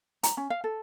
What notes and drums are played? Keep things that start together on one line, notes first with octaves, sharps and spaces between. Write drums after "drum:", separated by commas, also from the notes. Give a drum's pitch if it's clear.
A#5, drum: hi-hat
C#4
F5
A4